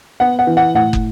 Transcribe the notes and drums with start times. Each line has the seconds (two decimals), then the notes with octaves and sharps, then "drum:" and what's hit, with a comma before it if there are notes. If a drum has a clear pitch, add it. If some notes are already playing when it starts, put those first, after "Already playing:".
0.20 B3 F#5
0.39 F#5
0.47 E3
0.57 F#5
0.74 A2 F#5
0.93 drum: kick